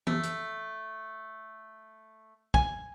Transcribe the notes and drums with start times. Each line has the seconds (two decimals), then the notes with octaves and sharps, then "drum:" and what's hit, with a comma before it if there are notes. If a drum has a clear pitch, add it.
0.07 A3, drum: tom E3
0.23 drum: hi-hat
2.54 G#5, drum: kick